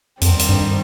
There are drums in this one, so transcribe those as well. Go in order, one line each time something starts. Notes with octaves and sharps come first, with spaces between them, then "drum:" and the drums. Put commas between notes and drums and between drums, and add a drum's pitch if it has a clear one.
F2 D#3 G3 C4, drum: hi-hat
drum: hi-hat
G2